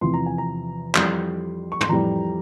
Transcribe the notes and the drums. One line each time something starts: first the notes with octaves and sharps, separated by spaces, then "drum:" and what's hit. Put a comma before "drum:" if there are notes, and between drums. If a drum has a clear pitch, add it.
E2 C3 F3 C6
A#5
G#5
A#5
F2 E3 G3 C6, drum: clap
C#6
C6, drum: tom
F2 E3 G3 A#5